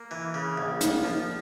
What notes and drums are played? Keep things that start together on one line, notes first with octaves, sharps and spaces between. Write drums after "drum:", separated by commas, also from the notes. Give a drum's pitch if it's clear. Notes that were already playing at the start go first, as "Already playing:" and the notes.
Already playing: A#3
E3
C#3
A#1
A#1, drum: hi-hat
F3